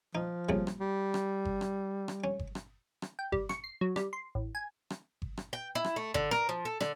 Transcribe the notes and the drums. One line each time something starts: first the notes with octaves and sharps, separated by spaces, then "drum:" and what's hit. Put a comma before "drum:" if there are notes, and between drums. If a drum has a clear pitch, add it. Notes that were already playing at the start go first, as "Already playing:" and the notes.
F3 D#4
C2 A#2 C#3, drum: kick G1
drum: rim click
G3
drum: rim click
drum: kick G1
drum: rim click
drum: rim click
C#4
drum: kick G1
drum: rim click
drum: rim click
G5
G3, drum: kick G1
C#6, drum: rim click
C7
F#3
G3, drum: rim click
C6
A1
G#5
drum: rim click
drum: kick G1
drum: rim click
G5
E4
drum: rim click
A3
D3, drum: kick G1
A#4, drum: rim click
F3
A4
D3, drum: rim click